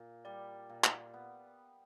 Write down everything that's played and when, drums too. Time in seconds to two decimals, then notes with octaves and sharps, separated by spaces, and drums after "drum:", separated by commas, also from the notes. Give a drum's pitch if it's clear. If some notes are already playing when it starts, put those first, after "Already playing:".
Already playing: A#2
0.25 G3 D5
0.69 A#2
0.84 drum: clap
1.14 B3